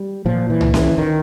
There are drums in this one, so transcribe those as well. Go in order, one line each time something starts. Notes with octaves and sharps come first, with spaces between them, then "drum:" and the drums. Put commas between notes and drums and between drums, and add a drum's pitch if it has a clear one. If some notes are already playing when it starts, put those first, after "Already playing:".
Already playing: G3
A#2 F3
E3
drum: tom C2
E3, drum: snare C#4
D#3